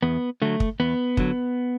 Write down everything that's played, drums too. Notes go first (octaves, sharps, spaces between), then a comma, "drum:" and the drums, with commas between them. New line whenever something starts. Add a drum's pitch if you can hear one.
E2 B3
D3 F#3 A3
drum: kick
E2 B3
D3 F#3, drum: kick